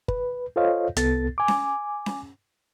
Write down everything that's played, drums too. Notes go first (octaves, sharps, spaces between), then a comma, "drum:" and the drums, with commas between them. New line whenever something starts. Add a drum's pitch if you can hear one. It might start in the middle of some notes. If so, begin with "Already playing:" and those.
B4, drum: kick G1
F4 A4 C5 C#5 D#5 F5
C2 B3 A4 A6, drum: hi-hat
G#5 D6
drum: snare C#4
drum: snare C#4